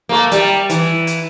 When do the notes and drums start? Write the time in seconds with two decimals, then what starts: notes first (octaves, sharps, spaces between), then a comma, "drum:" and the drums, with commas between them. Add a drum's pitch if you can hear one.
0.09 A3 A#3
0.32 G3, drum: hi-hat
0.70 E3, drum: hi-hat
1.07 drum: hi-hat